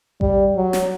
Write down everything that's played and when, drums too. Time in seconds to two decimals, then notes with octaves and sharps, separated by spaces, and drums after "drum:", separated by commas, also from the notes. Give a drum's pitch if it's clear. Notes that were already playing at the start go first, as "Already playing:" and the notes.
0.21 G3, drum: kick A1
0.56 F#3
0.73 drum: snare